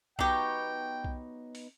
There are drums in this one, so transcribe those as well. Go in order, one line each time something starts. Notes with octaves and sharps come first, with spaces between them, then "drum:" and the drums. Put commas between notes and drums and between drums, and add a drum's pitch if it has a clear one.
F#3 B3 D#4 G4 G5 C#6, drum: kick B1
drum: kick B1
drum: open hi-hat